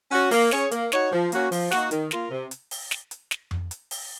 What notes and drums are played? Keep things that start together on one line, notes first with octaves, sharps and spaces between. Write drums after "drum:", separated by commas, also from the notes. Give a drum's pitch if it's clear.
C#4 F#4
A#3, drum: open hi-hat
C#4 G#4 C#5, drum: snare
A#3, drum: hi-hat
D#4 F#4 C#5, drum: snare
F3
A#3 C#4 F#4, drum: hi-hat
F3, drum: open hi-hat
A#3 D#4 F#4, drum: snare
D#3, drum: hi-hat
A#3 F4 A#4, drum: snare
C3
drum: hi-hat
drum: open hi-hat
drum: snare
drum: hi-hat
drum: snare
drum: tom F2
drum: hi-hat
drum: open hi-hat